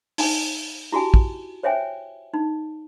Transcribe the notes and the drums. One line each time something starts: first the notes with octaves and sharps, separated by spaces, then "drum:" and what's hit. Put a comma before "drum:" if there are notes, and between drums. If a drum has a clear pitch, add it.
D#4 G#5, drum: open hi-hat
E4 F#4 G4 G#5 A5
drum: kick
C5 C#5 E5 G5 G#5
D#4